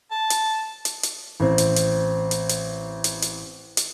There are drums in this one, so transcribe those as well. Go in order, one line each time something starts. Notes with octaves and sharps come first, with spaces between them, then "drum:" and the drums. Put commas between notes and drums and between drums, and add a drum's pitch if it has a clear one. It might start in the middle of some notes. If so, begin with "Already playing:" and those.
A5
drum: hi-hat
drum: hi-hat
drum: hi-hat
A1 C4
drum: hi-hat
drum: hi-hat
drum: hi-hat
drum: hi-hat
drum: hi-hat
drum: hi-hat
drum: hi-hat